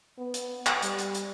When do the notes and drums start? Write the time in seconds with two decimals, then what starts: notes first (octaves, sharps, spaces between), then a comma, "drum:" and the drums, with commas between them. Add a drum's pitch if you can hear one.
0.18 B3
0.34 drum: hi-hat
0.66 drum: clap
0.82 G3, drum: hi-hat
0.99 drum: hi-hat
1.15 drum: hi-hat